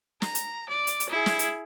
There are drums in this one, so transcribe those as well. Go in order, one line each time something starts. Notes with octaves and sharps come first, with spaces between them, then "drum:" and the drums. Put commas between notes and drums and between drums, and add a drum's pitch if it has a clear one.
A#5, drum: snare
drum: hi-hat
D5
drum: hi-hat
drum: hi-hat
E4 G#4
drum: snare
drum: hi-hat